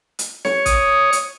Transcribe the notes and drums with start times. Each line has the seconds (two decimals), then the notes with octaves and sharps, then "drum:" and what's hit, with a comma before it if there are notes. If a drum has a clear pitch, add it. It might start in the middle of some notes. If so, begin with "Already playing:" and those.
0.19 drum: hi-hat
0.45 C#5, drum: snare
0.66 D#6, drum: kick, hi-hat
1.13 drum: hi-hat